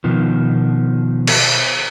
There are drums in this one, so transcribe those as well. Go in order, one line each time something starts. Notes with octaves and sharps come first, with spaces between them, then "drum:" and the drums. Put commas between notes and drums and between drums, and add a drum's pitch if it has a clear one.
B2 D#3 F3
drum: cymbal